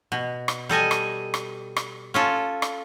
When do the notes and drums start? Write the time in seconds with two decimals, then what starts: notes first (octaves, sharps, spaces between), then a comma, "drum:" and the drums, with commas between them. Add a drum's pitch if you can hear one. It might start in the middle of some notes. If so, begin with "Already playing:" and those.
0.12 B2
0.48 drum: rim click
0.69 G3 A4 D#5 G#5
0.91 drum: rim click
1.34 drum: rim click
1.76 drum: rim click
2.14 C#4 F4 A4
2.62 drum: rim click